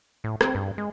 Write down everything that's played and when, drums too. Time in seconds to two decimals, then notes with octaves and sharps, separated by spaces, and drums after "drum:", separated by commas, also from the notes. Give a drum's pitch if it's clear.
0.24 A2
0.41 C4, drum: rim click
0.55 G2
0.78 G#3